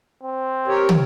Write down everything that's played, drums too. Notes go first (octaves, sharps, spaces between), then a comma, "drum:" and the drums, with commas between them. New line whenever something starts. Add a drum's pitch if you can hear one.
C4
G4 A#4 C#5
drum: tom